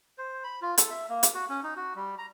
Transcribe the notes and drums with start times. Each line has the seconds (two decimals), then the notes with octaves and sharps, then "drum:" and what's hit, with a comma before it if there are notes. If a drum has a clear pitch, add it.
0.18 C5
0.44 B5
0.62 F4
0.78 A4, drum: hi-hat
0.90 E5
1.09 A#3
1.23 drum: hi-hat
1.34 F#4
1.49 C#4
1.63 D#4
1.76 F#4
1.96 G3
2.18 A#5